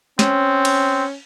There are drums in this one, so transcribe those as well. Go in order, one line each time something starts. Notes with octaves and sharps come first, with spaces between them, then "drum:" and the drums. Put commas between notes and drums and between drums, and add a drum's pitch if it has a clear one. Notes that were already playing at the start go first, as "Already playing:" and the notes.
C4 C#4, drum: snare
drum: cymbal